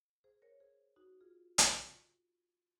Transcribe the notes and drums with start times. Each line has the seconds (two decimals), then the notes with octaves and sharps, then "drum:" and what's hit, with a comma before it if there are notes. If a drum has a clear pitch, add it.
0.24 G#4 C5
0.42 A#4 C#5
0.60 G#4 C5
0.96 D#4 F#4
1.21 F4 G#4
1.58 drum: hi-hat